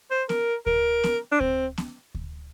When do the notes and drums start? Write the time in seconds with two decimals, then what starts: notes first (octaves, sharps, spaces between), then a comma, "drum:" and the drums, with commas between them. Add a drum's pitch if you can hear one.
0.11 C5
0.29 A#4, drum: snare B3
0.66 A#4, drum: kick D2
1.04 drum: snare B3
1.32 D4
1.41 C4, drum: kick D2
1.78 drum: snare B3
2.15 drum: kick D2